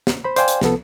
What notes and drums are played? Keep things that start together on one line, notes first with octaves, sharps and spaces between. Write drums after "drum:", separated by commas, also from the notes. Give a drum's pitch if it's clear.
drum: snare
C5 B5
C5 D5 F5 G5 G#5 C6, drum: hi-hat
drum: hi-hat
C2 F3 B3 A4, drum: snare